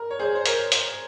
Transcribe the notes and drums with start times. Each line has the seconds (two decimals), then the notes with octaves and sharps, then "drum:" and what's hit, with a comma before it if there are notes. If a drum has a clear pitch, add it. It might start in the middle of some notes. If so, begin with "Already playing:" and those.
Already playing: A#4
0.11 C#5
0.19 G#4 C5
0.35 C5
0.46 A#4 C#5, drum: hi-hat
0.72 drum: hi-hat